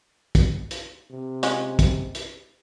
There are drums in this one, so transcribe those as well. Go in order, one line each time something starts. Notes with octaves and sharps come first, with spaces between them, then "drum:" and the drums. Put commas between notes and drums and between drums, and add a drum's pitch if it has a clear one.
drum: kick, hi-hat
drum: hi-hat
C3
G#3 C#4 F4, drum: hi-hat
drum: kick, hi-hat
drum: hi-hat